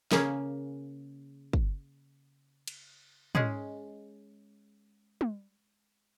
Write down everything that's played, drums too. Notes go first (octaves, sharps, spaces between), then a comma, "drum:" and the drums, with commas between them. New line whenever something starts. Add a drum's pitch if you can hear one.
C#3 A#3 C#4 G#4 F5, drum: snare
drum: kick
drum: cymbal
G#3 C#4 G#4, drum: tom
drum: tom